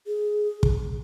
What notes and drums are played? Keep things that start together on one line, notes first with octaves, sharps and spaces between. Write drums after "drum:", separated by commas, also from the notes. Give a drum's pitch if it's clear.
G#4
drum: kick